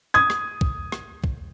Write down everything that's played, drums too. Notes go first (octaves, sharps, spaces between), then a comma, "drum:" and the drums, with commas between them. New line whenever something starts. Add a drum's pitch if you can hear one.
D#6 G#6
drum: rim click
drum: kick
drum: rim click
drum: kick